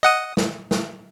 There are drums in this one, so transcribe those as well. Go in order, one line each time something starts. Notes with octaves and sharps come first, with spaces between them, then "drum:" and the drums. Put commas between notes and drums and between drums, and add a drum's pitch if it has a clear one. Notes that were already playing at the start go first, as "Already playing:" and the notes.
D#5 F#5 D#6
drum: snare
drum: snare